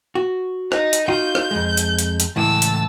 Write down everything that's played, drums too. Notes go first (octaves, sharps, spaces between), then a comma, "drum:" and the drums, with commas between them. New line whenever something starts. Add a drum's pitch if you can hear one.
F#4
D#4, drum: rim click
drum: hi-hat
D#4 F4 F#4 G6
drum: rim click
F2 G#3
drum: hi-hat
drum: hi-hat
drum: hi-hat
C#2 A2 E3 A5 E6
drum: hi-hat